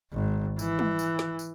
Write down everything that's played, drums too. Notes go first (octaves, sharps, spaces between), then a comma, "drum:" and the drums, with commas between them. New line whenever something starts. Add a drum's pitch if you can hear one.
G#1
E3, drum: tambourine
drum: tom G3
drum: tambourine
drum: snare
drum: tambourine